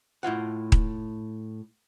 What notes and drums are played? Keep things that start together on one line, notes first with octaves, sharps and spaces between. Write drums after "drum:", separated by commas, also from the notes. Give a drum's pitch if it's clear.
A2 E4 F4 F#5
drum: kick D#1